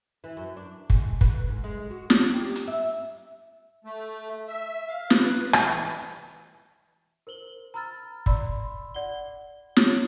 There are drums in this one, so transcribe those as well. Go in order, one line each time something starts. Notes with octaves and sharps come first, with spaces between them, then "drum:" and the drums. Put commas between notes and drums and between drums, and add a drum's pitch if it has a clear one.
E3
F#2
D4
G#3, drum: kick
B4, drum: kick
G#2
G#3
F#4
D4, drum: snare
G4
drum: hi-hat
E5
A3
E5
F5
B4, drum: snare
drum: rim click
E3
A#4 C5 F#7 G7
A#5 B5 E6 F6 A6
D5 B5 C6 E6, drum: kick
D5 F#5 G7
C#5, drum: snare